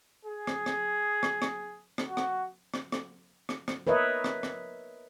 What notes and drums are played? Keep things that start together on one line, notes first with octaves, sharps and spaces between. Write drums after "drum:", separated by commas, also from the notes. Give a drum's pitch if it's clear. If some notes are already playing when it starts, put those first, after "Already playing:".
G#4
drum: rim click
drum: rim click
drum: rim click
drum: rim click
drum: rim click
F#4
drum: rim click
drum: rim click
drum: rim click
drum: rim click
drum: rim click
A#4 B4 C#5 D#5 E5
drum: rim click
drum: rim click